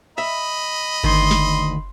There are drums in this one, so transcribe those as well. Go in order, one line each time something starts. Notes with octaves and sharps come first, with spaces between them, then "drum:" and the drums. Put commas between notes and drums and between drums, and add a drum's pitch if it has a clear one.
D#5 E5 B5
D2 D#3 C6, drum: kick G1
drum: snare